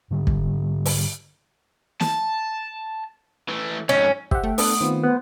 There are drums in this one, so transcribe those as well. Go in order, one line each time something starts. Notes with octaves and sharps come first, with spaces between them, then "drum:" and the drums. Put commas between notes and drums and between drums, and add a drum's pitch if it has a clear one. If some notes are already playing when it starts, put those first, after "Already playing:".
G#2 D3 G3
drum: kick
drum: open hi-hat
A5, drum: snare
E3 A3
F2 G#2 C#4
G4 C5 E5 F#5, drum: kick
A3 G5
B3 D4 A4 D#6, drum: open hi-hat
D#3 B3 C4 F4 C5
B3 C5